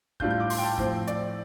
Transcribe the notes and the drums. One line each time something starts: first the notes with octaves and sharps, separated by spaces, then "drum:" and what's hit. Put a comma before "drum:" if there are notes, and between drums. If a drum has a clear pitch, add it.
A2 G3 D4 F4 G6, drum: kick
G6
D6
C6, drum: open hi-hat
G5
A5
A2 F3 C4 G5, drum: kick
D5, drum: hi-hat